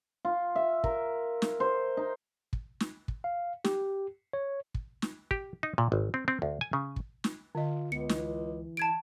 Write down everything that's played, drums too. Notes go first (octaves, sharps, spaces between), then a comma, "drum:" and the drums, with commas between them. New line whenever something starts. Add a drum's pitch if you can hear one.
F4
E5
A#4, drum: kick
drum: snare
C5
D#4
drum: kick
drum: snare
drum: kick
F5
G4, drum: snare
C#5
drum: kick
drum: snare
G4, drum: kick
D#4
A#2
G#1
C4
C4
D2
G#5
C#3
drum: kick
drum: snare
D3 F4 D#5
C#2 B3 C#7
E3, drum: snare
A5 G#6 D7